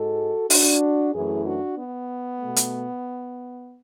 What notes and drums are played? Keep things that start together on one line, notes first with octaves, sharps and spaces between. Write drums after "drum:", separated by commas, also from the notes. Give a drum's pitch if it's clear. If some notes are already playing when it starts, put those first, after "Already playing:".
Already playing: G#2 G#3 F#4 A4
D4 F#4, drum: open hi-hat
F#2 E3 A3 E4 G#4
D4 F#4
B3
B2 A3
drum: hi-hat